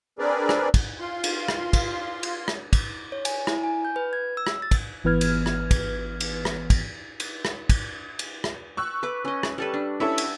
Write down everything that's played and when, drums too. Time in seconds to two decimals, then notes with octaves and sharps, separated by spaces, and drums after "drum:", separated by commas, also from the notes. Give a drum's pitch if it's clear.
0.19 C4 D4 G#4 A#4 B4 D5
0.49 drum: rim click
0.74 drum: kick, cymbal
1.00 F4 C6
1.24 drum: cymbal
1.48 drum: rim click
1.73 drum: kick, cymbal
2.23 drum: cymbal
2.48 drum: rim click
2.73 drum: kick, cymbal
3.12 C#5
3.25 G#5, drum: cymbal
3.47 E4, drum: rim click
3.63 G#5
3.85 G6
3.96 B4
4.13 G#6
4.37 E6
4.47 drum: rim click
4.62 A6
4.71 drum: kick, cymbal
5.04 G#1 E3 B3 B4 F6 G#6
5.21 drum: cymbal
5.46 drum: rim click
5.71 drum: kick, cymbal
6.20 drum: cymbal
6.45 drum: rim click
6.70 drum: kick, cymbal
7.20 drum: cymbal
7.45 drum: rim click
7.69 drum: kick, cymbal
8.19 drum: cymbal
8.44 drum: rim click
8.77 C#6 E6 F#6
9.03 B4 D6
9.25 C#4 D#5
9.43 drum: rim click
9.58 G3 A4 B4
9.74 D4
10.00 C#4 E4 A4 E5
10.18 drum: cymbal